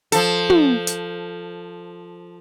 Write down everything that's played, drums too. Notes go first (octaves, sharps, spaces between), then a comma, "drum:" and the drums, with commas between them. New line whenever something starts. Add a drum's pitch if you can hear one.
F3 A4, drum: hi-hat
drum: tom
drum: hi-hat